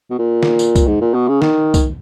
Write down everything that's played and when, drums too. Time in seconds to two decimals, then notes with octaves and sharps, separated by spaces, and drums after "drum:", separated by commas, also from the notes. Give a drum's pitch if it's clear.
0.10 B2
0.18 A#2
0.43 drum: snare
0.59 drum: tambourine
0.75 drum: kick C2, tambourine
0.87 G#2
1.01 A#2
1.14 B2
1.28 C#3
1.42 D#3, drum: snare
1.74 drum: kick C2, tambourine